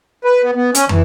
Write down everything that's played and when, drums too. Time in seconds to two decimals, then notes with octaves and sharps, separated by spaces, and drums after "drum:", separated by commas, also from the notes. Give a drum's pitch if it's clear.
0.25 B4
0.43 B3
0.55 B3
0.75 C#4, drum: hi-hat
0.89 E3, drum: tom